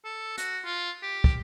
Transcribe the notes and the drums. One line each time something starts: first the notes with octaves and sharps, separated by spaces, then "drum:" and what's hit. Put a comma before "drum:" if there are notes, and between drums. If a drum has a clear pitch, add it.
A4
F#4, drum: hi-hat
F4
G4
drum: kick